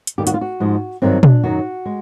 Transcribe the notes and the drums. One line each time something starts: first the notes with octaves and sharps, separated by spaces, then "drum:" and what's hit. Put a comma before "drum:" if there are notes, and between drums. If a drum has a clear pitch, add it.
drum: hi-hat
D#2 D#3 G3 G4
F#4, drum: hi-hat
F4
F#4
G#2 F3 G#3
G2 D#3 F#3 C4
D4, drum: tom
F#2 D#3 F#3 F#4
G#3